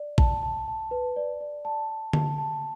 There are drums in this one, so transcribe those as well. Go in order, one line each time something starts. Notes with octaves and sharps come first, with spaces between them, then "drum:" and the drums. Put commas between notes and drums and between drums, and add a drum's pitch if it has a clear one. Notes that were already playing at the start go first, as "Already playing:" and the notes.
Already playing: D5
A5, drum: kick A#1
A5
A5
B4
D5
D5
A5
A5
A5, drum: tom D3
A5